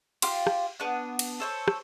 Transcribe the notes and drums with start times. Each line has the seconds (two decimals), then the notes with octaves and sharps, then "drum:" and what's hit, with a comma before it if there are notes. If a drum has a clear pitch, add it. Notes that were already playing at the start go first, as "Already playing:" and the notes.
0.22 F4 G4 C6, drum: cymbal
0.47 drum: rim click
0.80 B3 D4 F#6
1.19 drum: cymbal
1.40 A4 C5 C#5
1.68 drum: rim click